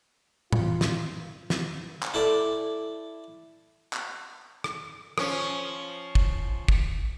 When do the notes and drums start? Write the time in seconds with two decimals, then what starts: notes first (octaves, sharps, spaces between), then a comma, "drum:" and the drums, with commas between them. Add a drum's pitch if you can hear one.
0.53 E3 F4, drum: tom A2
0.81 drum: snare
1.50 drum: snare
2.03 drum: clap
2.14 E4 A4 D5
3.93 drum: clap
4.64 drum: rim click
5.18 F3 C#4, drum: rim click
6.15 drum: kick
6.68 drum: kick